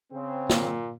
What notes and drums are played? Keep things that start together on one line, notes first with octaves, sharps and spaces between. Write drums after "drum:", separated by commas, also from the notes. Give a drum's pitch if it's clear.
C#3 C4
A#2, drum: snare